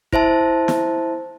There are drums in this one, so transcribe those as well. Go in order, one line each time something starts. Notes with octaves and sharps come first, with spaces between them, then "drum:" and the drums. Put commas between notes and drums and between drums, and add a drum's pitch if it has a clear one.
E4 C5 E5 A5, drum: kick
drum: snare